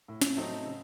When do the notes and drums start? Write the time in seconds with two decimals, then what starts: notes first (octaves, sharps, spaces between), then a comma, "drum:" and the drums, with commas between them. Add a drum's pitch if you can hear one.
0.08 A2
0.22 drum: snare
0.37 F#3 A3 C4 D#4
0.65 C#3